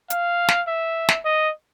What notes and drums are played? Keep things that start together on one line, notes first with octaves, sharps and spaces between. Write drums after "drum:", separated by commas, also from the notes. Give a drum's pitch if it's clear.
F5, drum: hi-hat
drum: snare
E5
drum: snare
D#5